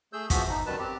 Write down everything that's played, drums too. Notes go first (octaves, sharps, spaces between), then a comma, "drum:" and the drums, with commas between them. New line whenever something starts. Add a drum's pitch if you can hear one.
A3 G#4 E6 G6
E3 F3 B3 F#4 E5, drum: kick, hi-hat
D#4
F#2 B2 D#3 G3 B4 A5
C4 G4